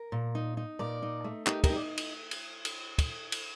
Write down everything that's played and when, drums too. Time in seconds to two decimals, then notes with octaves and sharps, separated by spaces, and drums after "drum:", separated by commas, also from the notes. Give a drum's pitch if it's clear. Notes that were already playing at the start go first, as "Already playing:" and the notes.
Already playing: A#4
0.12 A#2
0.35 D#4
0.57 D#4
0.79 A#2 A#4 D5
1.02 D#4
1.24 A3
1.47 D#4 G4 A#4, drum: clap
1.64 G4 A#4, drum: kick, cymbal
1.70 D#4
1.76 D5
1.97 drum: cymbal
2.31 drum: cymbal
2.65 drum: cymbal
2.98 drum: kick, cymbal
3.32 drum: cymbal